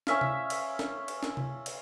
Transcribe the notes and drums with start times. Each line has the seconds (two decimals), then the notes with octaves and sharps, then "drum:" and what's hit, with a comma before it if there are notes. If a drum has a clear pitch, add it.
0.07 C#4 E5 F5, drum: snare
0.21 drum: tom C3
0.50 drum: cymbal
0.79 drum: snare
1.08 drum: cymbal
1.23 drum: snare
1.37 drum: tom C3
1.66 drum: cymbal